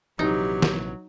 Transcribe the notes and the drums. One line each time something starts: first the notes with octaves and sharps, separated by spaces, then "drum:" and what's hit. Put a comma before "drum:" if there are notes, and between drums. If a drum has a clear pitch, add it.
A#1 C3 E3 F#3 D#4 G4
drum: snare